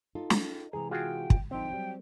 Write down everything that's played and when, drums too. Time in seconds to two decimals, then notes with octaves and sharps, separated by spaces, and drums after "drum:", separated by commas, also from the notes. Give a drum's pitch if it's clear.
0.15 D#4 F4 A4
0.30 drum: snare
0.73 C3 E3 G#3 G#4 A#5
0.91 F4 F#4 G#4 G5
1.30 drum: kick
1.51 D3 F3 C4 D#4 G5
1.70 F#3 G3